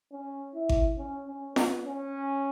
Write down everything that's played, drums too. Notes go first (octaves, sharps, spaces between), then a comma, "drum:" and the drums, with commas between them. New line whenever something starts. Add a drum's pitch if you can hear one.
C#4
E4
drum: kick G#1
C#4
C#4
B3, drum: snare F4
C#4